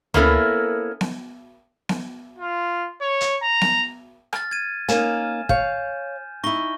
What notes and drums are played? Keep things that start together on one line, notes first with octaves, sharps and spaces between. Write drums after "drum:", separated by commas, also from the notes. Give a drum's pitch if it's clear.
A#3 B3 C#4 E4 A4 A#4, drum: tom D2
drum: snare B3
drum: snare B3
F4
C#5
drum: hi-hat
A#5
drum: snare B3
F6 A6, drum: rim click
G#6 D#7
A#3 C#4 D#4 G#5 F6 E7, drum: hi-hat
C#5 F5 G6, drum: kick
D#4 E4 C#6 A#6 G7